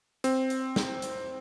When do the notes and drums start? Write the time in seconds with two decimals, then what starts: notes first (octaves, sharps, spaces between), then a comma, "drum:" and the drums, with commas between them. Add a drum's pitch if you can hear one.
0.24 C4, drum: hi-hat
0.50 drum: hi-hat
0.76 drum: snare
1.02 drum: hi-hat